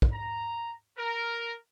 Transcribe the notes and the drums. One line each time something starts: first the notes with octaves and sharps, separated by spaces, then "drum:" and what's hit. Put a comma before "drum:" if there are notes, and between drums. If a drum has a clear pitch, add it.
drum: kick
A#5
A#4